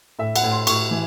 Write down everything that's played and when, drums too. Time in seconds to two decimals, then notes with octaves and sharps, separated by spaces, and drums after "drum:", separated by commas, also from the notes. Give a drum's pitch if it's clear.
0.19 A2 E5
0.36 F#5, drum: cymbal
0.43 A2
0.52 C6
0.67 A2 C#6, drum: cymbal
0.91 E3